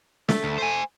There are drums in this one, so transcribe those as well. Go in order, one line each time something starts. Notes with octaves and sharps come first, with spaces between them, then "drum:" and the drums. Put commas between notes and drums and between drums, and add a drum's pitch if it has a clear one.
A3, drum: snare
D2
C5 G#5